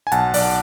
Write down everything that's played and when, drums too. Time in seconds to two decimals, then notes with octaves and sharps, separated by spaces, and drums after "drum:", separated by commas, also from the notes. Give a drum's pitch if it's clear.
0.07 G#5
0.12 B1 F#5 A5, drum: hi-hat
0.34 B1 D5 F#5, drum: open hi-hat